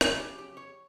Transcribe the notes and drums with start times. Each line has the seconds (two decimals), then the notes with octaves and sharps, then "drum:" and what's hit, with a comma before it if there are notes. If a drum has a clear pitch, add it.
0.01 F2 C#3 F#3 F#4, drum: rim click
0.19 G4
0.39 G4
0.57 C#5